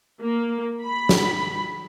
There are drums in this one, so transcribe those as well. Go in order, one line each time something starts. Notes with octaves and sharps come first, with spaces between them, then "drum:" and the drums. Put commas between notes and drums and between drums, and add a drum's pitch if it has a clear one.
A#3
B5
drum: snare